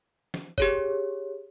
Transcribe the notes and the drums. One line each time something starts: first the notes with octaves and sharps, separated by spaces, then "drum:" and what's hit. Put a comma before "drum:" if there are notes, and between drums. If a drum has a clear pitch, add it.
drum: snare
G4 G#4 C#5, drum: kick